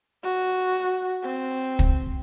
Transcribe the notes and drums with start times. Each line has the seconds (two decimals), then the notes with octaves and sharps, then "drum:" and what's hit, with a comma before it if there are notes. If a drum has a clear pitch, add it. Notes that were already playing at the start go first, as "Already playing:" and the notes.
0.24 F#4
1.23 C4
1.79 drum: kick